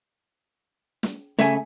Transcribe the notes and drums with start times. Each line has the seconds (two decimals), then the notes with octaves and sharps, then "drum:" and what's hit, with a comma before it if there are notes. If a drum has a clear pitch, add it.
1.03 drum: snare
1.39 C#3 A3 E5 G#5, drum: snare